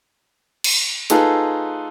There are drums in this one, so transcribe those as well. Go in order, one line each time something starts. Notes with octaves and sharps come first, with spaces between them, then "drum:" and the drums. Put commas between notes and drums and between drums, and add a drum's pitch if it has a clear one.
drum: cymbal
A3 D#4 F4 G#4 A4 B4, drum: hi-hat